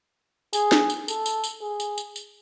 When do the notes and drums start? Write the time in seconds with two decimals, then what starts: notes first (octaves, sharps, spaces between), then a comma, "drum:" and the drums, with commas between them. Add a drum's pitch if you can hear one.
0.53 G#4, drum: tambourine
0.72 drum: snare
0.90 drum: tambourine
1.08 A4, drum: tambourine
1.26 drum: tambourine
1.44 drum: tambourine
1.62 G#4
1.80 drum: tambourine
1.98 drum: tambourine
2.16 drum: tambourine